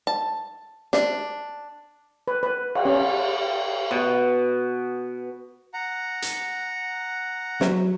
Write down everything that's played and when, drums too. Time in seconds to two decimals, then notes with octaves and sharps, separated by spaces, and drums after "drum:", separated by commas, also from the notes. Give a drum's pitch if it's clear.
0.07 A5
0.93 D4, drum: snare
2.28 B4
2.43 B4
2.75 drum: cymbal
2.85 C#4
3.91 B2
5.74 F#5 A#5
6.22 drum: hi-hat
7.61 F#3, drum: snare